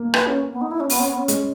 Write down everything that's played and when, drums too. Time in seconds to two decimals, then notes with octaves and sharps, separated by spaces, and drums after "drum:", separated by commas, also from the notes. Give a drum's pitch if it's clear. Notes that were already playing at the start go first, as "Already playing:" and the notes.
Already playing: A#3
0.14 B4, drum: rim click
0.27 C#4
0.52 B3
0.61 D#4
0.71 E4
0.80 C#4
0.90 B3, drum: open hi-hat
1.00 C#4
1.09 B3
1.18 C#4
1.28 G#3, drum: hi-hat